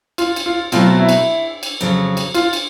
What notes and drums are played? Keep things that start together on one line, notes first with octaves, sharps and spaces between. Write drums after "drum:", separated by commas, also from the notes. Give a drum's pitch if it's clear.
F4, drum: cymbal
drum: cymbal
F4
B2 F#3 A3 C4 F4, drum: cymbal
E4
drum: cymbal
drum: cymbal
F2 C#3 F#3
drum: cymbal
F4, drum: cymbal
drum: cymbal